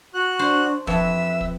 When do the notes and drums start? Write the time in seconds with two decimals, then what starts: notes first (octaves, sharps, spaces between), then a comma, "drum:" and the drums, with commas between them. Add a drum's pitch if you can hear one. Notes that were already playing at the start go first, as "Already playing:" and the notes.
0.14 F#4 C#6 F#6
0.39 D4 C5
0.87 F2 B4 E5 E6, drum: kick
1.41 drum: kick